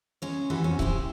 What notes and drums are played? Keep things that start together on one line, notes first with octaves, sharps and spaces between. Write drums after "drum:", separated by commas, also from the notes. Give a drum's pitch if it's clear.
G#3 C#4 C#5
E3 F#4 G4 A4
F2 C3 C#4
E4 G4 G#4 A#4 C5, drum: kick C#1